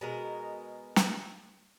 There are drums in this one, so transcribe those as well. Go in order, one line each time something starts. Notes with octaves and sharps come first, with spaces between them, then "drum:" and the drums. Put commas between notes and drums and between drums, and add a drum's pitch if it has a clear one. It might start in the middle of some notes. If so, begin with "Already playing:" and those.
B2 G#3 A#4
drum: snare